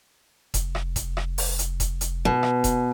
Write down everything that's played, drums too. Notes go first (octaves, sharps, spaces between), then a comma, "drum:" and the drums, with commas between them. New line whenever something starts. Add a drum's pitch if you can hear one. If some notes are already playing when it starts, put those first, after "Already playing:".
F1, drum: kick E1, hi-hat
drum: rim click
drum: kick E1, hi-hat
drum: rim click
drum: open hi-hat
drum: hi-hat
drum: kick E1, hi-hat
drum: hi-hat
B2
drum: rim click
drum: kick E1, hi-hat